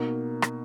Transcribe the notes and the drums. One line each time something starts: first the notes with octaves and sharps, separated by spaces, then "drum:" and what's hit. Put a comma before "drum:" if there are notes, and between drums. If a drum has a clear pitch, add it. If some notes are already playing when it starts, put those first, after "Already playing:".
Already playing: B2 A#3 D#4
drum: rim click